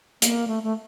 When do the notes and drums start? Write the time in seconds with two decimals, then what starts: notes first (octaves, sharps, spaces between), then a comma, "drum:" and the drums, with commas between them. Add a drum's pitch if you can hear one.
0.22 A#3, drum: hi-hat
0.48 A3
0.63 A3